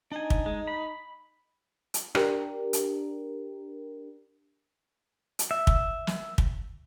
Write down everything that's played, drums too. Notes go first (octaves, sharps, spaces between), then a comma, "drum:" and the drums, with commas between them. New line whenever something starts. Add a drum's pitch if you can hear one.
D4 D#4 G#5
drum: kick
G#3
B5
drum: hi-hat
D4 G4 A#4, drum: rim click
drum: hi-hat
drum: hi-hat
E5
drum: kick
drum: snare
drum: kick